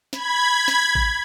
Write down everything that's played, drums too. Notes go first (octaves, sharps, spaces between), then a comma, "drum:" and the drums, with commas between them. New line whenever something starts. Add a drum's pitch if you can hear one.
B5 G#6, drum: snare
drum: snare
drum: kick A1